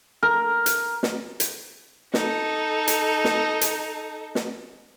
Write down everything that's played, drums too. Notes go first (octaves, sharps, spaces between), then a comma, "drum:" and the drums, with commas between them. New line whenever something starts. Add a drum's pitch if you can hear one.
A#4
drum: hi-hat
drum: snare
drum: hi-hat
D#4 A4, drum: snare
drum: hi-hat
drum: snare
drum: hi-hat
drum: snare